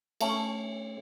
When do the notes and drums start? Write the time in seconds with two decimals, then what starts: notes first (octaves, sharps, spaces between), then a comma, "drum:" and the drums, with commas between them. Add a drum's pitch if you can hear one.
0.21 A3 C#4, drum: cymbal